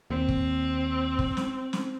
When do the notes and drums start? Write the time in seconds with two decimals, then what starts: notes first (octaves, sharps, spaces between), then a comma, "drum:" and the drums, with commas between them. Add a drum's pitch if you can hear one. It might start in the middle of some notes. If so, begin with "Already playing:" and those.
0.10 D#2 C4
0.29 drum: kick
1.19 drum: kick
1.37 drum: snare
1.73 drum: snare